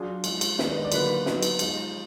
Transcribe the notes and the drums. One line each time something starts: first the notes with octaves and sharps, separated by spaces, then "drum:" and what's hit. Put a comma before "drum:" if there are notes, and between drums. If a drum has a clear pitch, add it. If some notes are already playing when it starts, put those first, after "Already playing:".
Already playing: F#3 D4 F4 G#4
F3 G#3 D#4, drum: cymbal
drum: cymbal
D#3 G#3 B3 D4, drum: snare
D#5
D5
D3 F#3 A#3 D#4 B4, drum: cymbal
F#3 B3 D#4, drum: snare
drum: cymbal
F3 G#3 D#4, drum: cymbal